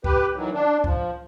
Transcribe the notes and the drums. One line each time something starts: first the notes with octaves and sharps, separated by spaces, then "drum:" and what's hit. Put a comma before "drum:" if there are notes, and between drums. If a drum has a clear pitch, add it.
G4 B4, drum: kick C#2
D#3 E3 F#3
D4
F3, drum: kick C#2